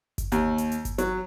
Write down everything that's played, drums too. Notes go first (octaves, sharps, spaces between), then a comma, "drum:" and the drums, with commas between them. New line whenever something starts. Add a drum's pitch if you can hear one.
drum: kick G1, hi-hat
D#2, drum: hi-hat
drum: hi-hat
drum: hi-hat
drum: kick G1, hi-hat
F#3, drum: hi-hat